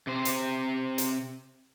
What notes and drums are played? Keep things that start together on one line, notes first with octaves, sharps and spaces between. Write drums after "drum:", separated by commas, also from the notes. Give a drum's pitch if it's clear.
C3 C5
drum: hi-hat
drum: hi-hat